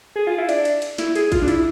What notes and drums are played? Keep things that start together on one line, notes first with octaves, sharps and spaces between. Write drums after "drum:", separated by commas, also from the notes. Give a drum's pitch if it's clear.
G#4
F4
E4
D4, drum: cymbal
drum: cymbal
drum: cymbal
E4, drum: snare
G#4, drum: cymbal
F4, drum: kick A1, cymbal
D4
E4, drum: cymbal